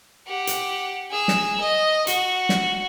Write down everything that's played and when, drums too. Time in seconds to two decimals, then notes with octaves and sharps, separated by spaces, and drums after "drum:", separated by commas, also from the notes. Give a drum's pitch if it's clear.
0.27 G4 F#5
0.47 drum: hi-hat
1.10 G#4 E6
1.28 drum: snare
1.61 D#5
2.07 F#4, drum: hi-hat
2.49 drum: snare